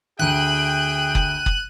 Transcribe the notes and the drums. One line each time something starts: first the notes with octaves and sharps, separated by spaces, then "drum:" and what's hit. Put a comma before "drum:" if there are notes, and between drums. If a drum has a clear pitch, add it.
D2 D3 G#4 E5 G5 F#6 D#7
drum: kick F#1
drum: kick F#1